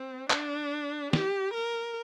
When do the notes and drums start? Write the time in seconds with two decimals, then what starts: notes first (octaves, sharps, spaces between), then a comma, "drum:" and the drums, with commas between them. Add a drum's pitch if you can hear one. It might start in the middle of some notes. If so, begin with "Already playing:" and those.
Already playing: C4
0.30 D4, drum: clap
1.13 G4, drum: snare
1.54 A#4